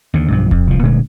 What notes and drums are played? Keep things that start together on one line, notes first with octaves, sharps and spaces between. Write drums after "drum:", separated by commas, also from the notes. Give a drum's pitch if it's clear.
D#2 D3
B1 G2 F3
F2, drum: kick D#1
C2 F3
A#2 D3 G#3 A3